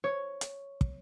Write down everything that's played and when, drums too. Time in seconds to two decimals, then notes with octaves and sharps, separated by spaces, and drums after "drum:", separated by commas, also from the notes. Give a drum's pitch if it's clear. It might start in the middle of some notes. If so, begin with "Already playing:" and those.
0.04 C#5
0.41 drum: hi-hat
0.81 drum: kick